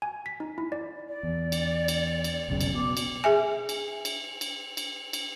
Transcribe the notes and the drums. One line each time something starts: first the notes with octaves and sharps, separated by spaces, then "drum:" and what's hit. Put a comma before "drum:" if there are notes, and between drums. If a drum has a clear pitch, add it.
G#5
B6
D#4
E4
D5
D5
E2
drum: cymbal
drum: cymbal
drum: cymbal
F1 B1 C#3
drum: cymbal
B2 D6
drum: cymbal
G#4 E5 G#5
drum: cymbal
drum: cymbal
drum: cymbal
drum: cymbal
drum: cymbal